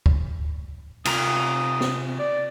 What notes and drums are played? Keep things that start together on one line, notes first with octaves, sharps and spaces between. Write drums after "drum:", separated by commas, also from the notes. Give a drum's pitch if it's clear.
drum: kick
C3 F4 A#5 D#6, drum: cymbal
drum: snare
D5